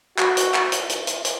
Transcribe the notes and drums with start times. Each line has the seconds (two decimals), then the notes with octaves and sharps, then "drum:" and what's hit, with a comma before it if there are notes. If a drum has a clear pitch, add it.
0.19 F#4, drum: clap
0.37 drum: hi-hat
0.54 drum: clap
0.72 drum: hi-hat
0.89 drum: hi-hat
1.07 drum: hi-hat
1.25 drum: hi-hat